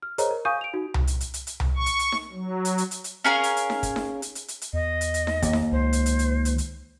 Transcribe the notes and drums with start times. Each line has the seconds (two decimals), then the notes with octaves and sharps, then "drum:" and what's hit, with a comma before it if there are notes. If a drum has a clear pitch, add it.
0.02 F6
0.18 G#4 A#4 C5 C#5 D#5 A#5, drum: hi-hat
0.31 A#4
0.45 F5 G#5 C#6 D#6 G6 D#7
0.61 D7 F7
0.74 D#4 F#4
0.94 drum: tom C2
1.07 drum: hi-hat
1.21 drum: hi-hat
1.34 drum: hi-hat
1.47 drum: hi-hat
1.60 drum: tom C2
1.77 C#6
1.86 drum: hi-hat
1.99 drum: hi-hat
2.12 drum: snare D#4
2.32 F#3
2.65 drum: hi-hat
2.78 drum: hi-hat
2.91 drum: hi-hat
3.04 drum: hi-hat
3.25 C#4 G#4 A#4 F5
3.43 drum: hi-hat
3.57 drum: hi-hat
3.70 drum: snare D#4
3.83 drum: kick, hi-hat
3.96 drum: snare D#4
4.22 drum: hi-hat
4.35 drum: hi-hat
4.48 drum: hi-hat
4.61 drum: hi-hat
4.73 E2 D#5
5.01 drum: hi-hat
5.14 drum: hi-hat
5.27 drum: snare D#4
5.42 D#2, drum: kick, hi-hat
5.53 drum: snare D#4
5.72 C#2 C5
5.93 drum: hi-hat
6.06 drum: hi-hat
6.19 drum: hi-hat
6.45 drum: hi-hat
6.58 drum: hi-hat